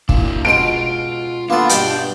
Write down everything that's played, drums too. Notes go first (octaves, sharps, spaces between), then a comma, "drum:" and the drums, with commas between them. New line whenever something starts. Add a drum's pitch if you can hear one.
A#2 D4 E4, drum: kick
C#2 B2 F4 C6 D7
A#3 B3 D4 F4 A4
G2 B2 G5, drum: hi-hat